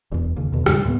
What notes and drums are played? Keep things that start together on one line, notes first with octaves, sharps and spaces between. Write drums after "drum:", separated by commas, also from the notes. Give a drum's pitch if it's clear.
E1 E2
D#2 C#3
E2 B2 D3
D#2 G#2 C#3 G3, drum: rim click
D2 A2 F3 B3